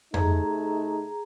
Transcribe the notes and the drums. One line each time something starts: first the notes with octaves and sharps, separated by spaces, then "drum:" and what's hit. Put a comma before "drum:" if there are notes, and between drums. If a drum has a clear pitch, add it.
C3 A3 D#4 G#4 A#5, drum: tom F2